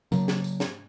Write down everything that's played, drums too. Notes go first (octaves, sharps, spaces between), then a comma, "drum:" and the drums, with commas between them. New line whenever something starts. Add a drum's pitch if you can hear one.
C#3 F#3 A#3, drum: tambourine
drum: snare
drum: tambourine
drum: snare